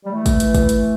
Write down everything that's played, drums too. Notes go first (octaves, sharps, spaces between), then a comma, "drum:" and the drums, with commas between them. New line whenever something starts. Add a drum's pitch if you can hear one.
G3
E3 A3
drum: kick, hi-hat
drum: hi-hat
drum: kick, hi-hat
drum: hi-hat